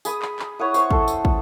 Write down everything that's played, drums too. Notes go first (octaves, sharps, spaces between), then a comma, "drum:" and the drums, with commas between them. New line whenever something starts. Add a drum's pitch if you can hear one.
G#4 B5 D#6, drum: tambourine
drum: clap
drum: clap
E4 C#5 F#5 D#6
C5 C#6, drum: tambourine
A4 C5, drum: kick
drum: tambourine
drum: kick